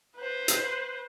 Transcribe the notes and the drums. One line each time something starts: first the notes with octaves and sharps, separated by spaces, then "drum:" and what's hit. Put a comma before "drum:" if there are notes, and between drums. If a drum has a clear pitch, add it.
B4 C5
drum: hi-hat